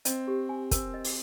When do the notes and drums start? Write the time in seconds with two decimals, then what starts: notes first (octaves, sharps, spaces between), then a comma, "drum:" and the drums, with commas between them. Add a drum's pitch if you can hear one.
0.05 C4 D#5, drum: hi-hat
0.28 G4
0.49 G#5
0.71 C4 A#4, drum: kick, hi-hat
0.94 D#5
1.05 drum: open hi-hat